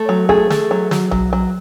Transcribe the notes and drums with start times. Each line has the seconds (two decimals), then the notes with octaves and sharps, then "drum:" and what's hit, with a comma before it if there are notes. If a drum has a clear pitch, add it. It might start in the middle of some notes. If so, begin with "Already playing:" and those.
Already playing: A3
0.09 F#3
0.29 A3 G#4, drum: kick
0.50 A3, drum: snare
0.71 F#3
0.91 F#3, drum: snare
1.11 F#3, drum: tom B1
1.33 F#3